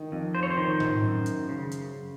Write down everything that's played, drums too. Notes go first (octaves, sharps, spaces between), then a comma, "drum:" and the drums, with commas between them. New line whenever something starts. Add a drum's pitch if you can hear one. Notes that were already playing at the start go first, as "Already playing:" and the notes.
Already playing: D#3
F2
C5
C#5
C5
D#3
drum: tom A2
F#2
drum: hi-hat
C#3
drum: hi-hat